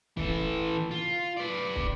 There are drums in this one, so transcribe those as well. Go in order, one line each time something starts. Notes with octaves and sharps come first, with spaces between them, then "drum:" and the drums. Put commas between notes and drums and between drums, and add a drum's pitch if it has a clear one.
E3 A4, drum: kick
F4
B4 D5
drum: kick